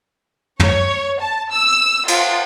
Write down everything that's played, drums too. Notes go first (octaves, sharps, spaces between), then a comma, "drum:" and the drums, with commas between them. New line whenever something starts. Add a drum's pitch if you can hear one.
C#5, drum: tom
A5
E6
F4, drum: cymbal